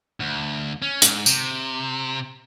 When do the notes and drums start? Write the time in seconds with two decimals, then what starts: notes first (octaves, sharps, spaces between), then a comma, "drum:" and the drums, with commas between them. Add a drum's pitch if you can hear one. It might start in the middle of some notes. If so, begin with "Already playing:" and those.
0.20 D2
0.82 C#4
1.02 G#2, drum: hi-hat
1.26 C3, drum: tambourine